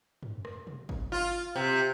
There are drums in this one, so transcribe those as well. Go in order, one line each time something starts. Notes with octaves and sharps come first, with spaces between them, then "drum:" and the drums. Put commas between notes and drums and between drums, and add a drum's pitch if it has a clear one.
drum: tom
drum: rim click
drum: tom
drum: kick G#1
F4
C3